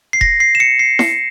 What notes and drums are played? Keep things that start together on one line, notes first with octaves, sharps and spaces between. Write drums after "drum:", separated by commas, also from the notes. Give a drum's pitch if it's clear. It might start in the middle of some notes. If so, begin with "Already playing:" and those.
C7
A#6, drum: kick F1
C7
E7
C#7
C7
drum: snare E4